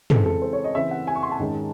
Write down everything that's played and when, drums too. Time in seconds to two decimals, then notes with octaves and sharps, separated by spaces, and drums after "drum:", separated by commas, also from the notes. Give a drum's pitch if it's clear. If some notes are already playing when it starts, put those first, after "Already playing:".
0.10 C#3 E3 G#3 C4 A4, drum: tom
0.26 A4
0.42 C5
0.53 C#5
0.64 D#5
0.74 C#3 E3 C4 E5
0.91 F#5
1.07 G#5
1.15 C#6
1.23 C6
1.31 A5
1.39 G#2 D#3 G#3 C#4